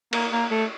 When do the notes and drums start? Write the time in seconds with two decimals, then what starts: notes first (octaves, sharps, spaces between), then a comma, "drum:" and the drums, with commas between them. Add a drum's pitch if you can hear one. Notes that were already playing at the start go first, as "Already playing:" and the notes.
0.13 A#3, drum: cymbal
0.32 A#3
0.51 A3